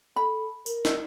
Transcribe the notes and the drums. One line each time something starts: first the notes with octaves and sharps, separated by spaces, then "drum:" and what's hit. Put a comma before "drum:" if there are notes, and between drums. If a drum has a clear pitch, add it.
A4 B5
A#4, drum: tambourine
drum: snare